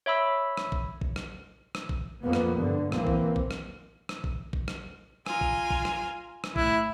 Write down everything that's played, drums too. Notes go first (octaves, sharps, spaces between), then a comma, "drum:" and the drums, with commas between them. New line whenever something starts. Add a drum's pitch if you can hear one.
C#5 E5 B5 E6
drum: rim click
drum: kick
drum: kick
drum: rim click
drum: rim click
drum: kick
F2 A#3 B3
drum: rim click
G2 D3
E3 A#3 C4, drum: rim click
drum: kick
drum: kick
drum: rim click
drum: rim click
drum: kick
drum: kick
drum: rim click
F4 G#5 A#5, drum: rim click
drum: kick
drum: kick
drum: rim click
drum: rim click
A2 E4 F#6, drum: kick